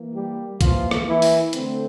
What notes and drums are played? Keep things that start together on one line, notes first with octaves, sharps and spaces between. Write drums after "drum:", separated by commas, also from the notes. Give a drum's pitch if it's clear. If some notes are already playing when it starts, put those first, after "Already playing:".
Already playing: E3 A#3
G3 G4
E3 F3 A#3 F4, drum: kick B1, hi-hat
drum: rim click
E3 E4
drum: open hi-hat
D3 A3 C4, drum: hi-hat